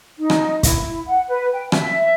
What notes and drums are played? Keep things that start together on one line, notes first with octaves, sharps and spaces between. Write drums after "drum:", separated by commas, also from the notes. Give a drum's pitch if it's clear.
D#4
drum: rim click
E4, drum: kick, hi-hat
F#5
B4
G5
E5, drum: rim click